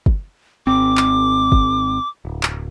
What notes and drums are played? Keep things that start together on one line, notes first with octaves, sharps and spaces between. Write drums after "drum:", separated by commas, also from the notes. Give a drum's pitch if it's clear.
drum: kick
G#1 C4 D6
drum: clap
drum: kick
D1
drum: clap